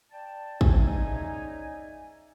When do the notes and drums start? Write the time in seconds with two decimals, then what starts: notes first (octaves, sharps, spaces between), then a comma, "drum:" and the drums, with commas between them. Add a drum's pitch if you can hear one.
0.11 D5 G5 A5
0.61 G#2 C#4 D#4 D5 E5 G#5, drum: kick